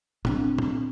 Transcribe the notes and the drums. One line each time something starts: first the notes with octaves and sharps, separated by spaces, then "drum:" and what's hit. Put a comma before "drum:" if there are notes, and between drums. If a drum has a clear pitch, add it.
C4 D4, drum: tom A#2
drum: tom A#2